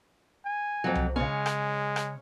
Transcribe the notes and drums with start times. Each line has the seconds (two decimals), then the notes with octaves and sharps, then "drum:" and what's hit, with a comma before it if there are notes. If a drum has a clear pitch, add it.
0.45 G#5
0.84 F2 F#3
0.95 drum: tom C2
1.16 C#3 G#3 C#4
1.46 drum: rim click
1.96 drum: rim click